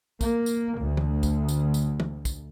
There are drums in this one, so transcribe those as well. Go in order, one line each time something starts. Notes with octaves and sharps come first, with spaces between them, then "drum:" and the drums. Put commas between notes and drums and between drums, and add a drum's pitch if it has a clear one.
A#3, drum: kick, tambourine
drum: tambourine
D2
drum: tom
drum: kick, tambourine
drum: tambourine
drum: tambourine
drum: tom
drum: kick, tambourine